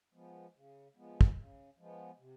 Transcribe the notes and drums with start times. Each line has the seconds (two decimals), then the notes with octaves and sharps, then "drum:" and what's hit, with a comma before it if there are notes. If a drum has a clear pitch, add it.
0.13 F3 G#3 B3
0.55 C#3
0.96 F3 G#3 B3
1.21 drum: kick
1.37 C#3
1.78 F3 G#3 B3
2.19 C3